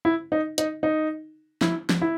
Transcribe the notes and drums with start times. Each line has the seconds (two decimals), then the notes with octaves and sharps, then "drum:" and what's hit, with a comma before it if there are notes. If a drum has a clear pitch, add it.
0.05 E4
0.32 D#4
0.58 D#4, drum: hi-hat
0.83 D#4
1.61 E4, drum: snare
1.89 drum: snare
2.02 E4